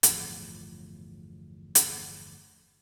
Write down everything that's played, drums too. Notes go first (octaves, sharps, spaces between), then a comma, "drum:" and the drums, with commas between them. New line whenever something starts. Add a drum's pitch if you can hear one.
G1 E2 A2 F3, drum: hi-hat
drum: hi-hat